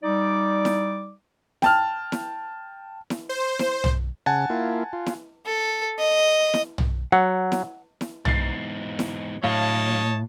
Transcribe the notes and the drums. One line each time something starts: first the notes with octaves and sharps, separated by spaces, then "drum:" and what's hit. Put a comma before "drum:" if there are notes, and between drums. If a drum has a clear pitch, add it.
G3 D#4 D5 D6
drum: snare E4
G5 A5 F6, drum: snare E4
drum: snare E4
drum: snare E4
C5
drum: snare E4
drum: tom
C#3 F#5 G#5 A5
A#3 E4 F4
F4
drum: snare E4
A4
D#5
drum: snare E4
drum: tom
F#3 F#5
drum: snare E4
drum: snare E4
E2 G#2 A6 C7, drum: tom
drum: snare E4
A2 F#3 D4 C#5 D#5 F5 A5